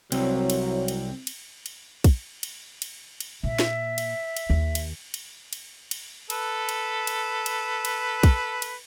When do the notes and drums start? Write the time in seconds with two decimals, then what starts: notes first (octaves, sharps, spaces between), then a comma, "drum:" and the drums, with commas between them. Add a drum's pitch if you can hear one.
0.12 C2 F#3 C4 E4 A#4 C#5, drum: cymbal
0.50 drum: cymbal
0.88 drum: cymbal
1.27 drum: cymbal
1.66 drum: cymbal
2.04 drum: kick, cymbal
2.43 drum: cymbal
2.82 drum: cymbal
3.20 drum: cymbal
3.43 A#2 E5
3.59 drum: snare
3.98 drum: cymbal
4.37 drum: cymbal
4.50 D#2
4.75 drum: cymbal
5.14 drum: cymbal
5.53 drum: cymbal
5.91 drum: cymbal
6.30 A4 B4, drum: cymbal
6.69 drum: cymbal
7.07 drum: cymbal
7.46 drum: cymbal
7.85 drum: cymbal
8.23 drum: kick, cymbal
8.62 drum: cymbal